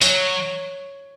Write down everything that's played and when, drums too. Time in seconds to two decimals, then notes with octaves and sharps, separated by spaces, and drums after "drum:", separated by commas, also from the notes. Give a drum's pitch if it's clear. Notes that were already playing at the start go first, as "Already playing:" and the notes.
0.01 F#3 C#5, drum: tambourine